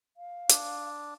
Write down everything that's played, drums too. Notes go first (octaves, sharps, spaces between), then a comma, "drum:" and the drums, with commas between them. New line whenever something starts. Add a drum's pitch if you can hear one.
F5
D4, drum: hi-hat